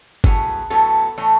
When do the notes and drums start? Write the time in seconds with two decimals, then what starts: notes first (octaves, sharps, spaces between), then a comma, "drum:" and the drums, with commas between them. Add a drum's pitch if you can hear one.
0.24 A2 F#3 B3 G#4, drum: kick G1
0.70 A2 F#3 B3 A4
1.18 A2 E3 A3 C#5